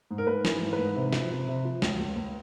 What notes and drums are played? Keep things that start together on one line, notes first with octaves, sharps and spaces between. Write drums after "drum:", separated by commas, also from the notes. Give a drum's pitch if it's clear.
G#2
A#4
G#2 B4
E3, drum: snare
G#2
B4
G#2
C3
F3, drum: snare
C3
C3
F3
C#2, drum: snare
C#2
C#2